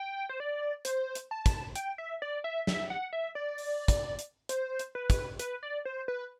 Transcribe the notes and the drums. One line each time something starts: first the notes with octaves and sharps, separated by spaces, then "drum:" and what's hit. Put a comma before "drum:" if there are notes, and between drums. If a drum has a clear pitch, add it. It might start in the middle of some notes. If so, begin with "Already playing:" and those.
Already playing: G5
C5
D5
C5, drum: hi-hat
drum: hi-hat
A5
drum: kick, hi-hat
G5, drum: hi-hat
E5
D5
E5
E5, drum: snare
F#5
E5
D5
drum: open hi-hat
drum: kick, hi-hat
drum: hi-hat
C5, drum: hi-hat
drum: hi-hat
B4
drum: kick, hi-hat
B4, drum: hi-hat
D5
C5
B4